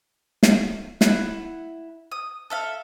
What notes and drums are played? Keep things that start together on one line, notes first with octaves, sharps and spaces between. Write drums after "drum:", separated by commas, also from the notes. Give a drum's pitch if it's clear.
drum: snare
E4 F#5, drum: snare
D#6
A4 E5 F5